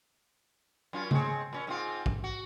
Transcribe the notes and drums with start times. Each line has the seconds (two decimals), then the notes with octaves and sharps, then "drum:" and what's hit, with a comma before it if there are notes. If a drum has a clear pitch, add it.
0.93 F#2 C#4 F4
1.11 G#3 C4 C#5, drum: tom C#3
1.53 A#2 C#4
1.67 G#2 C4 F4
2.06 drum: kick
2.24 F#4